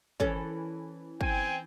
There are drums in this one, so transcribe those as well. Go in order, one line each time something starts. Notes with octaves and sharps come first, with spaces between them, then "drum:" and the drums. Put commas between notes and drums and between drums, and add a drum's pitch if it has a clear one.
E3 C#4 A4, drum: kick
C4 G5 G#5, drum: kick